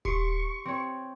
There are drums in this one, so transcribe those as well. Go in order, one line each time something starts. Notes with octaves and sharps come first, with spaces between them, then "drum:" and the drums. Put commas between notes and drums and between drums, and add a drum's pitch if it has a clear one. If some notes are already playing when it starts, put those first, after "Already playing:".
G4 C6 C#6 C7, drum: kick D#1
C4 C#5